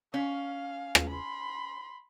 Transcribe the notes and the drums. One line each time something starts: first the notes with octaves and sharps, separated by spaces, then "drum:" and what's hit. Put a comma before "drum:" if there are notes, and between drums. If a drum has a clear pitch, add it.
C#4 F5
drum: rim click
B5 C6